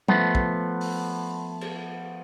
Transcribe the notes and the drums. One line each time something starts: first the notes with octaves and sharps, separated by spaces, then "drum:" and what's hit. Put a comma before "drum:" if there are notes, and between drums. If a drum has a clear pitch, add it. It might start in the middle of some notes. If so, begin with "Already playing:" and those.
F3 A3 B3, drum: tom
drum: kick
drum: open hi-hat
drum: cymbal